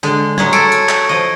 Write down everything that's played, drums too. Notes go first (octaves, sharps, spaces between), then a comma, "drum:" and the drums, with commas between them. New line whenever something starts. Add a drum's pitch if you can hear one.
D3 G#3
F#3 G#3 C#4 G#6, drum: tom F#3
A4 C#6 C#7 D7, drum: hi-hat
drum: hi-hat
drum: clap
F3 D#5